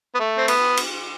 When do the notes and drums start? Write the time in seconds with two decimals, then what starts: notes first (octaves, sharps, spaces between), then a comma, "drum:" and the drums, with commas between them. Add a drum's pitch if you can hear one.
0.15 B3
0.20 A3
0.38 C4
0.48 B3, drum: cymbal
0.77 drum: cymbal